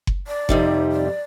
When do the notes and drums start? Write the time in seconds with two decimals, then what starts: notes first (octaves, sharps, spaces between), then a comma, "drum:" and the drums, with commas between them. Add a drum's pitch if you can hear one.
0.07 drum: kick F#1
0.27 D5
0.49 F2 C3 G3 D#4, drum: kick F#1
0.92 D5